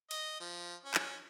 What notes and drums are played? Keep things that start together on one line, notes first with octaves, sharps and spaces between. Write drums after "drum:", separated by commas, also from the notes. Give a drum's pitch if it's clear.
D#5, drum: cymbal
F3
C#4
drum: clap